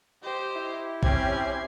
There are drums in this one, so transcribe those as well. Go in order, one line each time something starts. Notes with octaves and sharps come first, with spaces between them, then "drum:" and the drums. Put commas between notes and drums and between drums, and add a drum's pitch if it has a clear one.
G4 C5 D#5
E4
C4 C#4 G4 G#6 C7, drum: kick A1